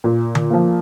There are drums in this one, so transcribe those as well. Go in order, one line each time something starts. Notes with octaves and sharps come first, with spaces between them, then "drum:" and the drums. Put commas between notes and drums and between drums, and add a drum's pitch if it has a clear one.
A#2
drum: tom D3
F3 A#3